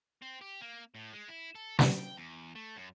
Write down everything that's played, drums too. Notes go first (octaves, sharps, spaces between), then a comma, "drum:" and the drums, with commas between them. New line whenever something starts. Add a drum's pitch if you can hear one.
C4
G4
A#3
A2
G#3
E4
A4
F#4, drum: snare
G5
E2
A3
F#2